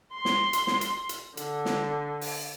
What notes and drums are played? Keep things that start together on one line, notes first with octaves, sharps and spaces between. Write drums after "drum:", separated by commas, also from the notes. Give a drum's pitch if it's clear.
C6
drum: snare
drum: hi-hat
drum: snare
drum: hi-hat
drum: hi-hat
D3, drum: hi-hat
drum: snare
drum: open hi-hat